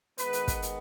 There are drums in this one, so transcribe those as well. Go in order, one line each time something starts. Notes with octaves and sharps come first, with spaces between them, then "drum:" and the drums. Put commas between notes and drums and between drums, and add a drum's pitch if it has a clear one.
D#3 G#3 B3 B4, drum: hi-hat
drum: hi-hat
drum: kick, hi-hat
drum: hi-hat